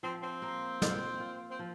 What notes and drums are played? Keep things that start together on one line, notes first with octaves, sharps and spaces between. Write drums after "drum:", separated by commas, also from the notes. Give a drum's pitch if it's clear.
F3 C4
C4
A#3
F4, drum: snare
F4
C4
F3